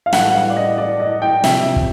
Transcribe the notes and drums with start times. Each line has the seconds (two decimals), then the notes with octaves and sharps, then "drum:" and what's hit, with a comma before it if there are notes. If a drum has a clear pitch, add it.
0.06 F5
0.13 A2 E3 G3 F#5, drum: snare
0.35 F5
0.50 D5
0.57 D#5
0.78 D5
1.00 D#5
1.22 G5
1.44 C3 F3 E5, drum: snare
1.76 drum: kick